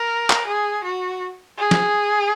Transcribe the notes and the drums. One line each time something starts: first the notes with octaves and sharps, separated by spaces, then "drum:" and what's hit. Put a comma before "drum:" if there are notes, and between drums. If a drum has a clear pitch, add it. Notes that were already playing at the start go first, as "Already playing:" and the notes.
Already playing: A#4
drum: clap
G#4
F#4
G#4
drum: snare